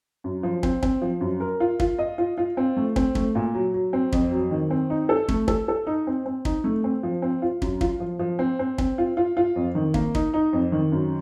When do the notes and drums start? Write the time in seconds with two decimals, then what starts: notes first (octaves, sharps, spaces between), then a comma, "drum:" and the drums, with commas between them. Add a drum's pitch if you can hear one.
0.24 F#2
0.43 F3
0.63 C4, drum: kick
0.83 C4, drum: kick
1.02 F3
1.21 F#2
1.40 A#4
1.60 F4
1.80 F4, drum: kick
1.99 D#5
2.18 F4
2.38 F4
2.57 C4
2.77 A3
2.96 C4, drum: kick
3.15 A3, drum: kick
3.35 A#2
3.54 F#3
3.74 F#3
3.93 C4
4.12 F2, drum: kick
4.32 F#3
4.51 D#3
4.71 C4
4.90 D#4
5.09 A4
5.28 A3, drum: kick
5.48 A4, drum: kick
5.68 A4
5.87 D#4
6.07 C4
6.26 C4
6.45 D#4, drum: kick
6.64 A3
6.84 C4
7.03 F3
7.22 C4
7.42 F4
7.62 F#2, drum: kick
7.81 F4, drum: kick
8.00 F3
8.19 F3
8.39 C4
8.59 C4
8.78 C4, drum: kick
8.98 F4
9.17 F4
9.37 F4
9.56 F2
9.75 D#3
9.94 A#3, drum: kick
10.15 D#4, drum: kick
10.34 D#4
10.53 F2
10.72 D#3
10.92 F#2